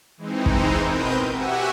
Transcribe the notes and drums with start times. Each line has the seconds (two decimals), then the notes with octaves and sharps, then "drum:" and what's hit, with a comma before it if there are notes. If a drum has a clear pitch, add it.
0.17 E3 G#3 C4 D#4
0.46 drum: kick
0.85 B2 C4 A#4 B4 D#6 G6
1.29 F#4 G4 E5 F#5 G#5